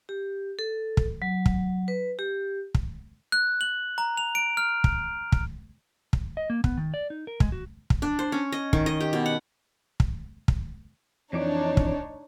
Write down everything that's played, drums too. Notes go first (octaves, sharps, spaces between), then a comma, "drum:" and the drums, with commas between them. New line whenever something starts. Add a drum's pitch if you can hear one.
G4
A4
drum: kick
F#3
drum: kick
B4
G4
drum: kick
F#6
F#7
A#5
F7
D7
F6
drum: kick
drum: kick
drum: kick
D#5
A#3
B3, drum: kick
D#3
D5
D#4
A#4
G#3, drum: kick
F#4
drum: kick
D4
C5
C#4
D#5
D#3, drum: kick
D#5
G4
B2
F#5
drum: kick
drum: kick
F2 E3 D4 D#4 C#5 D5
drum: kick